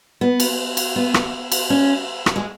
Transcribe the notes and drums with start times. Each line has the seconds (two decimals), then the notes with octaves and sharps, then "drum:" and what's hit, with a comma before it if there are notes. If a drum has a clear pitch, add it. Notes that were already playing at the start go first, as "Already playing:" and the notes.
0.21 B3
0.40 drum: cymbal
0.77 drum: cymbal
0.96 B3
1.14 drum: rim click
1.52 drum: cymbal
1.70 C#4
2.26 drum: rim click
2.36 G#3